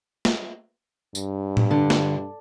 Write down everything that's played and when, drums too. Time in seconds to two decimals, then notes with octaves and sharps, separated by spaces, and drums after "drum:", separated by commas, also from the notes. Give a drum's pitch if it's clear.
0.25 drum: snare
1.15 G2, drum: tambourine
1.57 drum: tom A2
1.71 D3
1.90 drum: snare